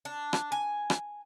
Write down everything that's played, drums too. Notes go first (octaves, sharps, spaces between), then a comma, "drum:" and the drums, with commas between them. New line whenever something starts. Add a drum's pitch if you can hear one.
D4
drum: rim click
G#5
drum: rim click